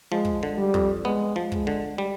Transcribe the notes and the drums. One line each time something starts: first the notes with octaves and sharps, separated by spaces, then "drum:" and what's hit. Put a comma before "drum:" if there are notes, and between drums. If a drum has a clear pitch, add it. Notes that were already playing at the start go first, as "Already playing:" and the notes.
F3 G#3
drum: kick
D3
G3
F2, drum: kick
G#3 B3
F3
G#3, drum: kick
D3
G3